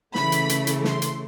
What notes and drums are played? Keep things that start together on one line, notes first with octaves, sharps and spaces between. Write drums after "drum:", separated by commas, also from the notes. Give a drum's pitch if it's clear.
C#3 E3 A3 B5, drum: snare
drum: hi-hat
drum: hi-hat
drum: hi-hat
C6, drum: snare
drum: hi-hat